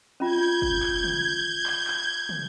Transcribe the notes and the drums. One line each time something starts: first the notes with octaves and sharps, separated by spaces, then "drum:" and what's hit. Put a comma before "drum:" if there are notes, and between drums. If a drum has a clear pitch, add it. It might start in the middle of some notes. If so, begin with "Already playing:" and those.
C#4 F4 G6 G#6
drum: kick
drum: clap
drum: tom
drum: clap
drum: clap
drum: tom